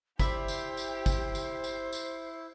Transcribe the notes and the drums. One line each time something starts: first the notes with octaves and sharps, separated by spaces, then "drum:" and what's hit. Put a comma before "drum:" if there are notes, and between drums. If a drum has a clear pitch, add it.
E4 G4 C5 D5 E5 B5, drum: kick, tambourine
drum: tambourine
drum: tambourine
drum: kick, tambourine
drum: tambourine
drum: tambourine
drum: tambourine